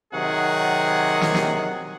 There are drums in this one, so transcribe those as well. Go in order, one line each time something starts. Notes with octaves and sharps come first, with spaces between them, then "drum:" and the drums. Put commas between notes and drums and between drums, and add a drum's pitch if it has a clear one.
C3 D#3 F#3 G#4 F#5
drum: snare
drum: snare